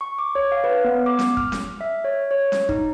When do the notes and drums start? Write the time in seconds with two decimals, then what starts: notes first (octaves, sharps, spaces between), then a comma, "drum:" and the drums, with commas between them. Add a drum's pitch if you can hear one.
0.01 C#6
0.19 D6
0.35 C#5
0.52 F5
0.64 B4
0.84 B3
1.06 D6
1.19 drum: snare C#4
1.37 F6, drum: kick
1.52 drum: snare C#4
1.81 E5
2.04 C#5
2.31 C#5
2.52 drum: snare C#4
2.69 D#4, drum: kick